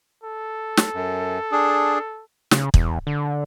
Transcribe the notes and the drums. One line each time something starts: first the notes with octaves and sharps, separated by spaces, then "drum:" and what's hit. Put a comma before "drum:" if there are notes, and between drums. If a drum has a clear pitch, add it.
A4
drum: snare
F#2
D4 G#4
C#3, drum: snare
E2, drum: kick
D3